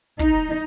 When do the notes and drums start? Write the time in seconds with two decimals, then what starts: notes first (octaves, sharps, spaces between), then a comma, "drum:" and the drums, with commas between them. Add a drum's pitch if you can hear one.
0.19 D#4, drum: kick